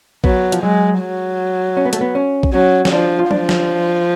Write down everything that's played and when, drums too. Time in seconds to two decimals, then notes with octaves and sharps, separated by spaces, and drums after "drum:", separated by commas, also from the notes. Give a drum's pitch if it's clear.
0.24 F#3 B3, drum: kick A#1
0.52 F3, drum: hi-hat
0.63 F#3 G#3
1.00 F#3
1.77 C#4
1.85 B3
1.93 A3, drum: hi-hat
2.01 B3
2.15 C#4
2.43 drum: kick A#1
2.54 F#3 C#4
2.85 C#4, drum: snare
2.92 F3 D4
3.19 F4
3.31 F3 D4, drum: tom F#3
3.49 drum: snare